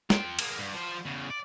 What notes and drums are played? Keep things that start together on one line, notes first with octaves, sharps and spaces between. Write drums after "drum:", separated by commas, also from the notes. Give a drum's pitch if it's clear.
F4 G5, drum: snare
G#3 A#3, drum: cymbal
G2
F3 C5
E2 C#3
D5